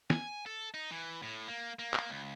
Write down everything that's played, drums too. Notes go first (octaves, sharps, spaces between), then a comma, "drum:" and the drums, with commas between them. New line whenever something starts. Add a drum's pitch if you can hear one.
G#5, drum: snare
A4
D#4
E3
A2
A#3
A#3
drum: clap
C#2